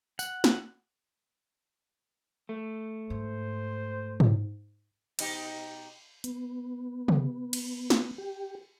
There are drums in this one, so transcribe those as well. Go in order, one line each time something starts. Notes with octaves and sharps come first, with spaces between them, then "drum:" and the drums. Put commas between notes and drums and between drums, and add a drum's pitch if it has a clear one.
F#5, drum: tambourine
drum: snare
A3
G#2 C5
drum: tom G#2
B2 D#4 G4, drum: cymbal
B3, drum: hi-hat
drum: tom
drum: cymbal
drum: snare
G4